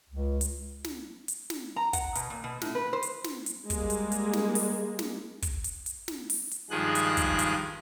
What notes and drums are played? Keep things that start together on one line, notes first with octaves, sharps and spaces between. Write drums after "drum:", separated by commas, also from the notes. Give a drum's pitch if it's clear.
C#2
drum: hi-hat
drum: snare
drum: hi-hat
drum: snare
A#5
F#5, drum: kick, hi-hat
B2, drum: hi-hat
A#2
B2
A2, drum: snare
B4
C5
drum: hi-hat
drum: snare
drum: hi-hat
G3 G#3 A#3, drum: kick, hi-hat
drum: hi-hat
drum: hi-hat
drum: snare
drum: open hi-hat
drum: snare
drum: kick, hi-hat
drum: hi-hat
drum: hi-hat
drum: snare
drum: open hi-hat
drum: hi-hat
G2 D#3 F3 G#3 G#4 F#6
drum: hi-hat
drum: kick, hi-hat
drum: hi-hat